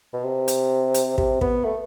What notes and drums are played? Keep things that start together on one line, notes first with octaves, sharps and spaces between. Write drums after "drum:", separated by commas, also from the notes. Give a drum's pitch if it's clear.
B2
C3
drum: hi-hat
drum: hi-hat
C3, drum: kick
B3, drum: kick
A3